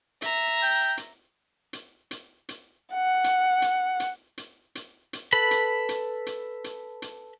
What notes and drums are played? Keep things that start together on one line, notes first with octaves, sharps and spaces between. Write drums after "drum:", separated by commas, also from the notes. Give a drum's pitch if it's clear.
E5 A#5, drum: hi-hat
G5
drum: hi-hat
drum: hi-hat
drum: hi-hat
drum: hi-hat
F#5
drum: hi-hat
drum: hi-hat
drum: hi-hat
drum: hi-hat
drum: hi-hat
drum: hi-hat
A4 B4 B5
drum: hi-hat
drum: hi-hat
drum: hi-hat
drum: hi-hat
drum: hi-hat